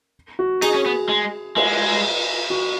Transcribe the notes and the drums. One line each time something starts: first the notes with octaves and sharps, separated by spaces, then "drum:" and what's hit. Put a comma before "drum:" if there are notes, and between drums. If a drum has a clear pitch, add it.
F#4
D#4 G#4, drum: cymbal
C#4
B3
G#3
G#3, drum: cymbal
F#4